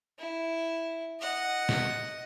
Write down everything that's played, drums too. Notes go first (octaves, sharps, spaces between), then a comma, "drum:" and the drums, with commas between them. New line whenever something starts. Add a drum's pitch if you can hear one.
E4
D#5 F#5
drum: snare